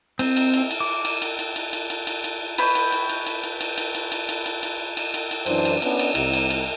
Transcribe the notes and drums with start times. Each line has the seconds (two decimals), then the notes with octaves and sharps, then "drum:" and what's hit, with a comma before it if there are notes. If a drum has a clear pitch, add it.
0.19 C4, drum: cymbal
0.37 drum: cymbal
0.54 drum: cymbal
0.71 drum: cymbal
0.80 D6
1.05 drum: cymbal
1.22 drum: cymbal
1.39 drum: cymbal
1.56 drum: cymbal
1.73 drum: cymbal
1.90 drum: cymbal
2.07 drum: cymbal
2.24 drum: cymbal
2.58 B4 C#5 G5 B5, drum: cymbal
2.75 drum: cymbal
2.92 drum: cymbal
3.09 drum: cymbal
3.27 drum: cymbal
3.44 drum: cymbal
3.61 drum: cymbal
3.78 drum: cymbal
3.95 drum: cymbal
4.12 drum: cymbal
4.29 drum: cymbal
4.46 drum: cymbal
4.63 drum: cymbal
4.97 drum: cymbal
5.14 drum: cymbal
5.31 drum: cymbal
5.46 F#2 E3 C#4 D4 C5, drum: cymbal
5.65 drum: cymbal
5.82 B3 C#4 D4, drum: cymbal
5.99 drum: cymbal
6.15 C2, drum: cymbal
6.33 drum: cymbal
6.51 drum: cymbal